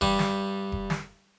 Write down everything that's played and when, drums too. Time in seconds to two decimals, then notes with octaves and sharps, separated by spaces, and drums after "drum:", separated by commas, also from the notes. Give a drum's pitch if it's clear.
0.01 G2 G3, drum: kick F1
0.19 drum: snare
0.72 drum: kick F1
0.90 drum: snare